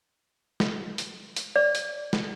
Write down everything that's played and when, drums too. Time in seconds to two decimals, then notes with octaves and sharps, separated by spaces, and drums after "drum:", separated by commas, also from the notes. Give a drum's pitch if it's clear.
0.60 drum: snare
0.98 drum: hi-hat
1.36 drum: hi-hat
1.56 D5
1.75 drum: hi-hat
2.13 drum: snare